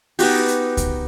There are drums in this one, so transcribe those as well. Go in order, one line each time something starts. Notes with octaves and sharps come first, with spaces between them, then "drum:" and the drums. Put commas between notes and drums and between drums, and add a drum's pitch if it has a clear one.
B3 D#4 F#4 G4, drum: open hi-hat
drum: hi-hat
drum: kick C#2, hi-hat